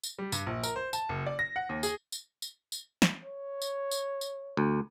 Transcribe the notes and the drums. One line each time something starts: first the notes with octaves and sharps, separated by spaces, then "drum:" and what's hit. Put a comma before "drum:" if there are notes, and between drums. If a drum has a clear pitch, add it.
drum: tambourine
G3
G2, drum: tambourine
A#1
A#4, drum: tambourine
C5
A5, drum: tambourine
F#1
D5
A#6
F#5
D#2
G#4, drum: tambourine
drum: tambourine
drum: tambourine
drum: tambourine
drum: snare
C#5
drum: tambourine
drum: tambourine
drum: tambourine
D2